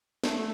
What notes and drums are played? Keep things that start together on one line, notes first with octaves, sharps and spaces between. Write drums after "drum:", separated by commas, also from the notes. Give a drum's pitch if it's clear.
A3, drum: snare